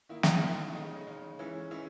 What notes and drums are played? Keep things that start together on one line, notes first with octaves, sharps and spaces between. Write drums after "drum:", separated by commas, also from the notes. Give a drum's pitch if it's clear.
D#3 A#3 E4
drum: snare
D#3 A#3 E4
C#3 G#3 D#4
C#3 G#3 D#4
E3 G#3 C#4 E4
E3 G#3 C#4 E4